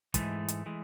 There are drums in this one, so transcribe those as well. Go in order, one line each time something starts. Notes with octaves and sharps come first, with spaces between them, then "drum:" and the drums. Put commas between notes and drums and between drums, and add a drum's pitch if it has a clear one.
G#2 E3 G#3 A3, drum: kick, hi-hat
drum: hi-hat
E3 G#3